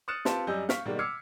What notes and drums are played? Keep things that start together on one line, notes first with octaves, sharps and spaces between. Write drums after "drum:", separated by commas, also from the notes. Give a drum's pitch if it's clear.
D#6 F6 F#6 A6 C#7 E7
C4 F4 G4 B4 A5 C6, drum: snare
F#2 G3 D#5 G#5 E6 G6
F5 C#6 F6 B6, drum: snare
B2 D#3 G3 G#3 A#3
D6 E6 F6 G#6 C7 C#7